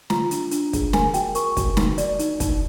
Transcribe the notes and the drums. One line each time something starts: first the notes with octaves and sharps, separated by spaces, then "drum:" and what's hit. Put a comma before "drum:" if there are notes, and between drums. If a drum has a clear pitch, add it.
F4 A#5, drum: snare
D4, drum: hi-hat
D4, drum: hi-hat
G#4, drum: kick, hi-hat
A#4 G#5, drum: snare
F#4 G5, drum: hi-hat
A#4 C#6, drum: hi-hat
F#4, drum: kick, hi-hat
D#4, drum: snare
D5, drum: hi-hat
D#4, drum: hi-hat
D#4, drum: kick, hi-hat